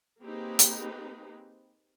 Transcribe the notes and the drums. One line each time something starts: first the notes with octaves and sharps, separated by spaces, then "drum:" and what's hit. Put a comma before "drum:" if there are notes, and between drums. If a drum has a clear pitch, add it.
A#3 C4 D#4 G4 G#4 B4
drum: hi-hat